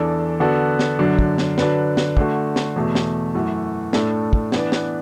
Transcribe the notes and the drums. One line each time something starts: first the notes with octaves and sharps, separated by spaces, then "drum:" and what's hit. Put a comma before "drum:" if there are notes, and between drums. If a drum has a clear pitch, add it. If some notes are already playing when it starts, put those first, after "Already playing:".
Already playing: E2 E3 D4 A4 D5
D3 B3 F#4 A4 D5
drum: snare
F#2 D3 F#3 D4
drum: kick
drum: snare
D3 F#3 D4 B4, drum: snare
drum: snare
D3 A3 F#4, drum: kick
drum: snare
E2 B2 A3
drum: snare
F#2 E3 A3 F#4
A2 A3 D4 A4, drum: snare
drum: kick
E3 B3 D4 B4 D5, drum: snare
drum: snare